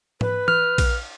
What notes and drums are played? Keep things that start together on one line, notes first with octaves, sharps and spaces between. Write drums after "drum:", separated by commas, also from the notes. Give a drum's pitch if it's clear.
B4, drum: tom G#2
F6, drum: tom E3
drum: kick A#1, cymbal